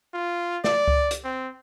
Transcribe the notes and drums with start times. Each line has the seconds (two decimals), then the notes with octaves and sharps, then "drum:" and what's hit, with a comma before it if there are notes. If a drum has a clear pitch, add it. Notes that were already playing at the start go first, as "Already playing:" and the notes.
0.14 F4
0.64 D5, drum: snare
0.88 drum: kick C#2
1.11 drum: hi-hat
1.24 C4